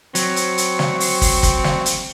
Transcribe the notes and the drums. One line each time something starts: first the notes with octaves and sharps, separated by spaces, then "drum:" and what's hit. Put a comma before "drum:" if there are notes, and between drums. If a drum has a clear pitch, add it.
F#3 C4 C#6, drum: hi-hat
drum: hi-hat
drum: hi-hat
drum: snare
drum: open hi-hat
drum: kick, open hi-hat
drum: kick, hi-hat
drum: snare
drum: hi-hat